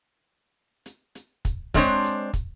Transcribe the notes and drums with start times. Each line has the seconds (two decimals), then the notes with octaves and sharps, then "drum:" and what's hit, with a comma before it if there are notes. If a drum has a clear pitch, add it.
0.86 drum: hi-hat
1.15 drum: hi-hat
1.45 drum: kick, hi-hat
1.74 F#3 G#3 C4 D4 C5 C#5, drum: kick, hi-hat
2.04 drum: hi-hat
2.33 drum: kick, hi-hat